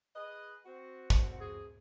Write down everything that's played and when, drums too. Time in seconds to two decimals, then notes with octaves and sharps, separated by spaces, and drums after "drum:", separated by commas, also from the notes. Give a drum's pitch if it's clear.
0.15 G#4 B4 D#5
0.66 C4 F#4 F#5
1.10 drum: kick
1.40 G#4